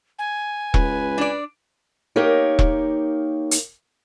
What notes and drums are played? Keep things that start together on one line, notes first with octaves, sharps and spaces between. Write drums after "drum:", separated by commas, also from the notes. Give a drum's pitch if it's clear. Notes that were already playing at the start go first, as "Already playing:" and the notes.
G#5
C#2 B4, drum: kick E1
D4 D5
A#3 D#4 G4 A#4 C#5
drum: kick E1
drum: hi-hat